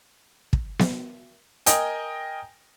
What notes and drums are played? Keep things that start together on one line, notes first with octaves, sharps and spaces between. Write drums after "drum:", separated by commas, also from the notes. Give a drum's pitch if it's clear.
drum: kick
drum: snare B3
A#4 D#5 G5 G#5, drum: hi-hat